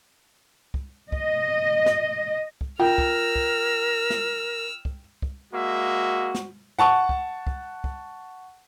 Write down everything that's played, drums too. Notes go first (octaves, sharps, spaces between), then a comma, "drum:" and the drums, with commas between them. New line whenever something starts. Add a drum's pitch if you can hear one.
drum: kick
D#5, drum: kick
drum: snare
drum: kick
F4 A#4 G5 E6 F6
drum: kick
drum: kick
drum: snare
drum: kick
drum: kick
G#3 A#3 F#4 E5
drum: snare
F#5 A5 C#6
drum: kick
drum: kick
drum: kick